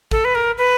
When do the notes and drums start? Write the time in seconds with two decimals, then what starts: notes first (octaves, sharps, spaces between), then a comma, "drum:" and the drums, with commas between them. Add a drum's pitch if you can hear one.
0.11 A4, drum: kick
0.25 B4
0.35 A#4
0.58 B4